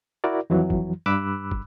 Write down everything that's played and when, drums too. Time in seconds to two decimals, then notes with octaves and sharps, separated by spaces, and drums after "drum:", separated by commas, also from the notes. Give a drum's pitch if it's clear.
0.24 E4 F#4 A#4 D5
0.50 F2 E3 F#3
0.70 drum: kick
1.06 G2 B5 D6 E6 F#6
1.51 drum: kick